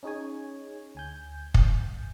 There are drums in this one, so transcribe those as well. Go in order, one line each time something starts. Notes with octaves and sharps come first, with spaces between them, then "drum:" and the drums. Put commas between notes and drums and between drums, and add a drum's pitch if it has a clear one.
C#4 D#4 G#4 C#5 G#5
D2 G#5 G6
drum: kick